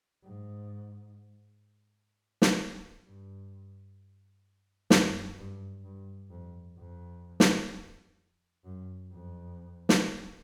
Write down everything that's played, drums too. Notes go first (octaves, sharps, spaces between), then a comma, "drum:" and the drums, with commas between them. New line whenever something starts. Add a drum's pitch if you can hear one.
G#2
drum: snare
G2
F#2, drum: snare
G2
G2
F2
F2
drum: snare
F#2
F2
drum: snare